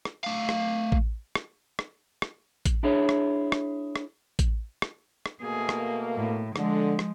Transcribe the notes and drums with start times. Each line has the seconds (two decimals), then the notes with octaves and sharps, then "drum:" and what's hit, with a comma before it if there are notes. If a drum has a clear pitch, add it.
0.05 drum: rim click
0.24 A3 F5
0.49 drum: rim click
0.92 drum: kick A1
1.35 drum: rim click
1.79 drum: rim click
2.22 drum: rim click
2.65 drum: kick A1, hi-hat
2.83 D4 E4 G#4 C#5
3.09 drum: rim click
3.52 drum: rim click
3.96 drum: rim click
4.39 drum: kick A1, hi-hat
4.82 drum: rim click
5.26 drum: rim click
5.42 B2 A3 A#3 G#4
5.69 drum: rim click
6.17 A2
6.56 D3 F3 G#3, drum: rim click
6.99 drum: rim click